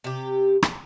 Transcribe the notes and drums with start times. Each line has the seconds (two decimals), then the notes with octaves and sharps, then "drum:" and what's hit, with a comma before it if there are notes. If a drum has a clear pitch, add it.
0.04 C3 G4
0.62 drum: rim click